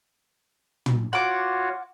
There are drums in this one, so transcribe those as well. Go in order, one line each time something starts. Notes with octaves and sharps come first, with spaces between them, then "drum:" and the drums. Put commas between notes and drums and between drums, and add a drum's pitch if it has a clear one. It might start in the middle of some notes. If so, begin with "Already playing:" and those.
drum: tom
F4 F#4 C#5 F#5 D6